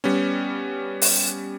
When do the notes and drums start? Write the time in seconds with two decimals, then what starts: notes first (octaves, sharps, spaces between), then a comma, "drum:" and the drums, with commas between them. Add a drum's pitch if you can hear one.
0.04 G3 B3 C#4
1.02 drum: open hi-hat